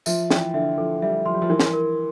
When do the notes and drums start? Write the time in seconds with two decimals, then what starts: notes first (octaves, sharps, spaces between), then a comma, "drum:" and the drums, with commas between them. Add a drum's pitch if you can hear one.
0.06 F3 E5, drum: tambourine
0.31 E3 G5, drum: snare
0.54 D3 E5
0.78 F3 A4
1.02 G3 E5
1.26 F3 C6
1.34 G3
1.42 F3
1.49 E3 A#4
1.60 drum: snare
1.73 A#4